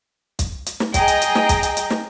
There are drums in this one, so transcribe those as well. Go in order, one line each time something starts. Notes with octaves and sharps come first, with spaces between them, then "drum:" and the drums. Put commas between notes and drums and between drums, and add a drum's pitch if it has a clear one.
drum: kick, hi-hat
drum: hi-hat
drum: snare
G#4 D#5 G5 A#5, drum: kick, hi-hat
drum: hi-hat
drum: hi-hat
drum: snare
drum: kick, hi-hat
drum: hi-hat
drum: hi-hat
drum: snare